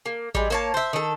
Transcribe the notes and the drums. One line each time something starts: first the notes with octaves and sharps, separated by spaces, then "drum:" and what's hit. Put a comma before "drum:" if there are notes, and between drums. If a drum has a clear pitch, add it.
A#3
G3 G#3, drum: kick A1
A#3 C#5 A5
C5 E5
D#3 A4